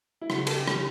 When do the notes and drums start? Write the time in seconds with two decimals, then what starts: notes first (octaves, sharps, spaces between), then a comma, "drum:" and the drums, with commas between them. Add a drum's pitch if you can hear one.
0.21 E4
0.30 C#3 F#4, drum: rim click
0.47 A4, drum: cymbal
0.56 G4
0.68 E3, drum: rim click